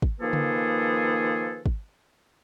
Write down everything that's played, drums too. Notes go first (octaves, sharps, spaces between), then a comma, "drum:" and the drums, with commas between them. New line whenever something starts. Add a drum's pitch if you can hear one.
drum: kick
D#3 F3 A#3 G#4 A4 B4
drum: tom C#3
drum: kick